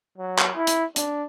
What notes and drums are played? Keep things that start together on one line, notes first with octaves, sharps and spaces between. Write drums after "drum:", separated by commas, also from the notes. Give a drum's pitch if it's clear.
F#3
drum: clap
E4
drum: hi-hat
D4, drum: hi-hat